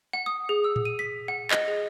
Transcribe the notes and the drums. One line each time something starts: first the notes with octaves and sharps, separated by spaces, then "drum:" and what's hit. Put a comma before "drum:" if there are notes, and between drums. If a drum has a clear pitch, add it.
F#5
D#6
G#4
E6
drum: tom A2
D#7
B6
F#5
D#5, drum: clap
G#4